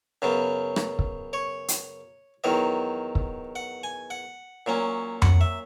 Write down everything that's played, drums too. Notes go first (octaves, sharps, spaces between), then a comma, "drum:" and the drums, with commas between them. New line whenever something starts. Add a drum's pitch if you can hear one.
F#2 C#3 F#3 B3
drum: rim click
drum: kick
C#5
drum: hi-hat
E2 D#3 F#3 D#5
drum: kick
F#5
G#5
F#5
A#2 F#3 C#4
F#5, drum: tom F2
E5